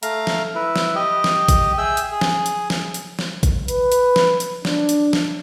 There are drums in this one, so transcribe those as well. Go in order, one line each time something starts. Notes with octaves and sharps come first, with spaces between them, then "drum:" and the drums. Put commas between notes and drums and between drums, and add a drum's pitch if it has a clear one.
A3 F5 A#5, drum: hi-hat
drum: snare
E4 B4
drum: snare
G4 D#5
drum: snare
drum: kick A1, hi-hat
G#4 E5 G5 E6
drum: hi-hat
G#4
drum: snare
drum: hi-hat
drum: snare
drum: hi-hat
drum: snare
drum: kick A1, hi-hat
B4, drum: hi-hat
drum: hi-hat
drum: snare
drum: hi-hat
D4, drum: snare
drum: hi-hat
drum: snare